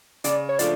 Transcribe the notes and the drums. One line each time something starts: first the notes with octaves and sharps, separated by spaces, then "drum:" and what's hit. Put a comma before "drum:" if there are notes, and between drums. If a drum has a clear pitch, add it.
C#3 D5, drum: hi-hat
C#5
F3 A3 D4 F4 D5, drum: hi-hat